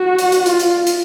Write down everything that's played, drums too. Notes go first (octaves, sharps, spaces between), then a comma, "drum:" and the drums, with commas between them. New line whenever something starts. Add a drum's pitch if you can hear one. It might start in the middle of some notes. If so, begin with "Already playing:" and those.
Already playing: F#4
drum: hi-hat
drum: hi-hat
F4, drum: hi-hat
drum: hi-hat
drum: hi-hat